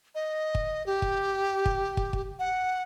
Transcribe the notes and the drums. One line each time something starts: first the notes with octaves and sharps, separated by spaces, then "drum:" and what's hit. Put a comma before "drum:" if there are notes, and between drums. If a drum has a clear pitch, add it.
D#5
drum: kick
G4
drum: kick
drum: kick
drum: kick
drum: kick
F#5